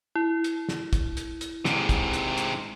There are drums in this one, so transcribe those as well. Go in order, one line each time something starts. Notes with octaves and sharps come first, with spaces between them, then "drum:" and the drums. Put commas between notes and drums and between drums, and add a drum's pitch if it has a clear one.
E4
drum: hi-hat
drum: snare
drum: kick, hi-hat
drum: hi-hat
drum: hi-hat
G#2 C3, drum: snare
drum: kick, hi-hat
drum: hi-hat
drum: hi-hat